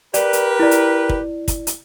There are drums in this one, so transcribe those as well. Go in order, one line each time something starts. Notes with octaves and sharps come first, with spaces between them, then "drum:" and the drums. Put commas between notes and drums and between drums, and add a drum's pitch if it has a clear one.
G4 A#4 B4 D5, drum: hi-hat
drum: hi-hat
E4 D5
drum: hi-hat
drum: kick
drum: kick, hi-hat
drum: hi-hat